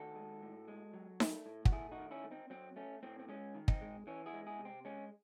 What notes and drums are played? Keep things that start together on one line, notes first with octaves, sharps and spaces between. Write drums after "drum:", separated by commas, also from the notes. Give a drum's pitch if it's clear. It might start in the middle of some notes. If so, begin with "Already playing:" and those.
Already playing: D#3 A3 F#4 A4
G#3
A2
G#3
F#3
A3, drum: snare D#4
A2
F#4, drum: kick
A3 E4 G#4
D#4 F#4
D#3
C#4 E4
A3
C4 D#4
F#3 C4
A3 C#4
A2 C4
C4
G#3 C#4
D#3
C4 D#4, drum: kick
G#3
E3 C#4
E4 G#4
G#3
E4 G#4
C3
C4
G#3 C#4